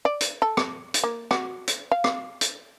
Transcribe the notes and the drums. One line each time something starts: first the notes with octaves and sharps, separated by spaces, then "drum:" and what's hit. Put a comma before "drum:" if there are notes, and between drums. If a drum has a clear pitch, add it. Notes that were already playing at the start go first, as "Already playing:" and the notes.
D5
drum: hi-hat
A4
drum: rim click
drum: hi-hat
A#3
F#4, drum: rim click
drum: hi-hat
F5
drum: rim click
drum: hi-hat